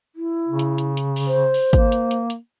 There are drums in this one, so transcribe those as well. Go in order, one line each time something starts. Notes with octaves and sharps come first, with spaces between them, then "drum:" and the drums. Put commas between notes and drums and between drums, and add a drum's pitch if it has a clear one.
E4
C#3
drum: hi-hat
drum: hi-hat
drum: hi-hat
drum: open hi-hat
C5
drum: open hi-hat
A#3, drum: kick G#1, hi-hat
drum: hi-hat
drum: hi-hat
drum: hi-hat